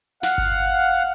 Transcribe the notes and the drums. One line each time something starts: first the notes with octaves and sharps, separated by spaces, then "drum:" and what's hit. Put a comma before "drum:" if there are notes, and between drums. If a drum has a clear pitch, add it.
F5 F#5, drum: snare
drum: kick G1